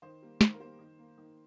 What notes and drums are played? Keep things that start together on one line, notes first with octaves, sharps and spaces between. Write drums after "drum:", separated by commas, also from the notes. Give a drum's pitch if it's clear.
D#3 C5
G3 A#3
D#3 C5, drum: snare
A#4
G3 A#3 C5
D#3
A#3
D#3